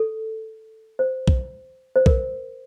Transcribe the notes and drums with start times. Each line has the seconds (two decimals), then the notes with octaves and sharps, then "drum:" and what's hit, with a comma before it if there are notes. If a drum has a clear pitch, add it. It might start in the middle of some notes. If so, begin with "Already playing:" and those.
Already playing: A4
0.99 C5
1.28 drum: kick B1
1.96 C5
2.06 A#4, drum: kick B1